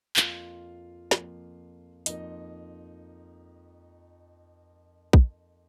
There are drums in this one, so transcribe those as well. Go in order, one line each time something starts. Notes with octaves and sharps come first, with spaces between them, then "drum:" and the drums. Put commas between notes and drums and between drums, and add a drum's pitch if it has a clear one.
F2 F3 A#3 F4 F5, drum: clap
F2 F3 A#3, drum: snare
F2 F3 A#3 D#4 D#5, drum: hi-hat
drum: kick